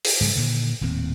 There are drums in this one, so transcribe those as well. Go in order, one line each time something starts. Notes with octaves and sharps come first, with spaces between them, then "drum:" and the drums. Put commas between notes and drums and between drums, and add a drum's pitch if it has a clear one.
drum: open hi-hat
G#2 C#3 F3 F#3
A#2 D3 D#3
D#1 D#2 A2 C4